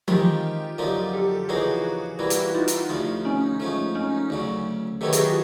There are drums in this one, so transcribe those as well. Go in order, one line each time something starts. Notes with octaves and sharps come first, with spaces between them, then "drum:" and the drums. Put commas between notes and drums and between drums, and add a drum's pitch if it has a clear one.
D#3 G#3 C4 D#4 F4 G4, drum: tom E3
F#2 D3 F3 A#3 D#4 F4 G4
G4 A4
E2 C#3 F3 A#3 D#4 F#4 G#4
E3 G3 A#3 E4 F#4
drum: hi-hat
F#4
D#4 F4
drum: hi-hat
D2 C3 F3
C#4 D#4
G#2 F3 A3
C#4 D#4
D2 C#3 F#3
C3 D#3 F#3 B3 E4 G4 A4
F#4 G#4, drum: hi-hat
F4 G4